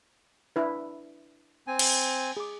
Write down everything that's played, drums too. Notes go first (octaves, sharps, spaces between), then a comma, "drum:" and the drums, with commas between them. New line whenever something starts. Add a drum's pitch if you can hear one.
D4 E4 B4
C4 G#5
drum: cymbal
G#4 D6